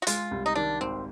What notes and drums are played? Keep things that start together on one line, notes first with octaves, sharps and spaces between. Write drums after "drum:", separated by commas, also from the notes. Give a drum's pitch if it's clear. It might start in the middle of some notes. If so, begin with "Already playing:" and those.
F#4
G#3 F4, drum: hi-hat
C2
D#4
D#3 D4
G#1 C4